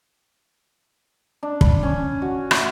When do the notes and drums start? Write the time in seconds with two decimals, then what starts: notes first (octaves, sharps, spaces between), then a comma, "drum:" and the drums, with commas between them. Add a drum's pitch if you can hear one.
1.43 D4
1.61 B5, drum: kick
1.83 C#4
2.22 F#4
2.51 A3, drum: rim click